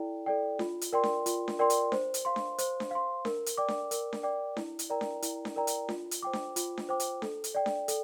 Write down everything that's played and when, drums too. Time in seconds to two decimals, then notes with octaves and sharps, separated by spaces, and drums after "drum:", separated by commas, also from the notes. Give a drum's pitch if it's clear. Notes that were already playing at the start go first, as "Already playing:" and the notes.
Already playing: E4 A4 D5 G5
0.26 A4 D5 G5
0.59 F4, drum: snare D4
0.81 drum: hi-hat
0.93 A#4 D5 G5 C6
1.04 drum: snare D4
1.26 F4, drum: hi-hat
1.48 drum: snare D4
1.59 A#4 D5 G5 C6
1.70 drum: hi-hat
1.92 C5, drum: snare D4
2.14 drum: hi-hat
2.25 F5 C6
2.36 drum: snare D4
2.58 C5, drum: hi-hat
2.80 drum: snare D4
2.91 F5 C6
3.25 A#4, drum: snare D4
3.46 drum: hi-hat
3.58 D5 G5 D6
3.68 drum: snare D4
3.91 A#4, drum: hi-hat
4.13 drum: snare D4
4.23 D5 G5 D6
4.57 E4, drum: snare D4
4.79 drum: hi-hat
4.90 A#4 D5 G5 A#5
5.01 drum: snare D4
5.22 E4, drum: hi-hat
5.45 drum: snare D4
5.56 A#4 D5 G5 A#5
5.67 drum: hi-hat
5.89 F4, drum: snare D4
6.11 drum: hi-hat
6.22 C5 G5 D6
6.33 drum: snare D4
6.56 F4, drum: hi-hat
6.78 drum: snare D4
6.89 C5 G5 D6
7.00 drum: hi-hat
7.22 A4, drum: snare D4
7.44 drum: hi-hat
7.54 D5 G5
7.66 drum: snare D4
7.88 A4, drum: hi-hat